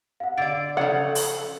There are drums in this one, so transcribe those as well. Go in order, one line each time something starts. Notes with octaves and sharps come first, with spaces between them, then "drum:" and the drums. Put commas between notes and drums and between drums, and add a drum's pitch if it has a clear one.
F5 F#5
D3 D5 A6 D7
C#3 F3 A4 F#5
drum: open hi-hat